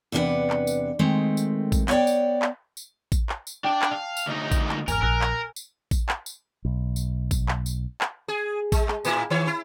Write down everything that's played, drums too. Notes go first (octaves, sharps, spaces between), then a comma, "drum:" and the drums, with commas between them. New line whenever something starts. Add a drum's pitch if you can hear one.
E2 C3 D4 G#4 B4 F#5
drum: clap
drum: tambourine
D#3 G#3 A3 C4
drum: tambourine
drum: kick A1, tambourine
B3 C#5 D5 G5, drum: clap
drum: tambourine
drum: clap
drum: tambourine
drum: kick A1, tambourine
drum: clap
drum: tambourine
D4 D5 G5 A5
drum: clap
F5
drum: tambourine
D2 D#4
drum: kick A1, tambourine
drum: clap
G#1 E2 A#4 G#5 F6, drum: tambourine
A#1 A#4 E6 F#6 A#6
drum: clap
drum: tambourine
drum: kick A1, tambourine
drum: clap
drum: tambourine
B1
drum: tambourine
drum: kick A1, tambourine
drum: clap
drum: tambourine
drum: clap
G#4
G#3, drum: kick A1, tambourine
drum: clap
A2 A#3 E4, drum: tambourine
D#3 C#5
E4